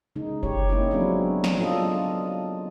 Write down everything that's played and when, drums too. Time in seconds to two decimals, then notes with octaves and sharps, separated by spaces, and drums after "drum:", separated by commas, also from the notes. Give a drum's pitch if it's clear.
0.16 C#3 G#3 D#4
0.43 G4 C#5, drum: kick F#1
0.69 A#3 C#4 D#4 E4
0.91 F#3 G#3 B3 C4 D4 E4
1.44 drum: snare
1.59 D4 F4 A4 D#5